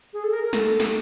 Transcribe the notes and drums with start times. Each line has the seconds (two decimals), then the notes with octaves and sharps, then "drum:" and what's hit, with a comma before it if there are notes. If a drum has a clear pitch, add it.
0.13 G#4
0.23 A4
0.33 A#4
0.43 A#4
0.53 A4, drum: snare
0.80 drum: snare